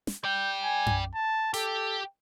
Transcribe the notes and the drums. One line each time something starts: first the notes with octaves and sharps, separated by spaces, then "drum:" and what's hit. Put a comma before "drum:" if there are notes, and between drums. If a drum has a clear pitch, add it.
drum: snare
D5 G5 G6
G#5
drum: tom F#2
A5
G4 A4, drum: hi-hat